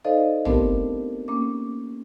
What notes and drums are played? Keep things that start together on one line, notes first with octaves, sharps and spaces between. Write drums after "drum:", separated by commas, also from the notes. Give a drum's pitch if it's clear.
D#4 A4 C5 D5 D#5 F5
A3 B3 C4 D4 G4 A#4, drum: tom
A#3 C#4 D6